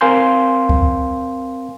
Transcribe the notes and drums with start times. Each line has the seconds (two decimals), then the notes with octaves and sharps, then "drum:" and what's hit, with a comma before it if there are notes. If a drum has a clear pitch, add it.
0.01 C4 A#4 F5 G#5 C6 G6
0.69 drum: kick C#2